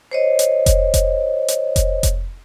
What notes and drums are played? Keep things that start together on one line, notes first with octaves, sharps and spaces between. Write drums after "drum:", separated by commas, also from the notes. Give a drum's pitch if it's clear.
C5 C#5 D#5
drum: hi-hat
drum: kick F1, hi-hat
drum: kick F1, hi-hat
drum: hi-hat
drum: kick F1, hi-hat
drum: kick F1, hi-hat